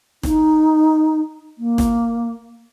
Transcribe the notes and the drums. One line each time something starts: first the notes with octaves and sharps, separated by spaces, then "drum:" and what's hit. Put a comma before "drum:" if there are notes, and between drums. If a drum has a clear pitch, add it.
D#4, drum: snare
A#3
drum: snare